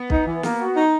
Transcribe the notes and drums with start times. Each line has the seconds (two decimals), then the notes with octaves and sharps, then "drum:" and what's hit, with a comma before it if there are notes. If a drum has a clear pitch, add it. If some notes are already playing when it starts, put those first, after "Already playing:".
Already playing: B3
0.10 D#4, drum: kick B1
0.26 E3
0.43 A#3, drum: snare
0.60 F#4
0.76 D#4